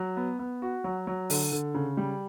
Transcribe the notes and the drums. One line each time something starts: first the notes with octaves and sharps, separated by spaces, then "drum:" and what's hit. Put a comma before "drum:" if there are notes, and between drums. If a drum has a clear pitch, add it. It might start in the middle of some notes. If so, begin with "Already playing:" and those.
Already playing: F#3
B3
B3
F#4
F#3
F#3
D3, drum: open hi-hat
D3
C#3
G3